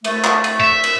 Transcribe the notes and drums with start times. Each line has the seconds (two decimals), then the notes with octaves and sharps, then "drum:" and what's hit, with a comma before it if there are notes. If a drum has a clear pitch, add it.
0.04 A3, drum: cymbal
0.24 drum: clap
0.44 drum: cymbal
0.60 E5
0.84 drum: cymbal